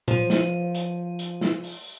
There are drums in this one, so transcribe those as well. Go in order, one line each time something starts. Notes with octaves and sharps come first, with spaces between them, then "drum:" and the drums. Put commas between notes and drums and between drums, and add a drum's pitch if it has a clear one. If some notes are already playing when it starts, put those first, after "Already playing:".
F3 D#7, drum: tom A#2
drum: snare
drum: hi-hat
drum: hi-hat
drum: snare
drum: open hi-hat